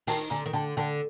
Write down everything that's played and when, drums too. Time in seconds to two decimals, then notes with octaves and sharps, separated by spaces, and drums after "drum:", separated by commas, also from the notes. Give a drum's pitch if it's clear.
0.07 D#3 G5 A5, drum: open hi-hat
0.30 D3 G#5 A#5
0.46 D#3
0.53 D3 G5 A5
0.77 D3 G5 A5